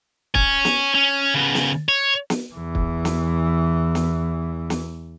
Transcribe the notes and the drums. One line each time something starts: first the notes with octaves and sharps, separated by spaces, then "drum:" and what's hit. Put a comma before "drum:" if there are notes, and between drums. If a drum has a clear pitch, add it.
C#5 G#5, drum: kick
drum: snare
C#4
C#3 B3
drum: snare
C#5
drum: snare
E2 E3
drum: kick
drum: snare
drum: snare
drum: snare